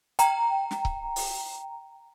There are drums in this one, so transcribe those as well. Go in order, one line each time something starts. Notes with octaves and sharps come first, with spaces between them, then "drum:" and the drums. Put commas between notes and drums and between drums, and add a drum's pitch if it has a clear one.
G5 A#5, drum: hi-hat
drum: snare
drum: kick C#1
drum: open hi-hat